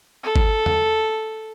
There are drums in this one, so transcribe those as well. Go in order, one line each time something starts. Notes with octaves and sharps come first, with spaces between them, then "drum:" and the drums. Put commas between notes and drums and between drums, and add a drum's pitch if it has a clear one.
A4
drum: kick G1
drum: tom E2